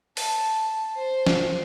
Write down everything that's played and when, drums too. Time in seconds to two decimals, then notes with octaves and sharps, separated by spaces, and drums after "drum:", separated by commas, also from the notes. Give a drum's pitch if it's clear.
0.17 A5, drum: open hi-hat
0.95 C5
1.26 drum: snare